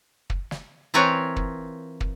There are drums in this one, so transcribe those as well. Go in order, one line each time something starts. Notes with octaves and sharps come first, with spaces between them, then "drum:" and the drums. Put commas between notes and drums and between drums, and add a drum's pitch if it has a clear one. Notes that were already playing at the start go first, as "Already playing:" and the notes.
drum: kick
drum: snare
E3 C4 F4 A#4 B4 C#5
drum: kick
drum: kick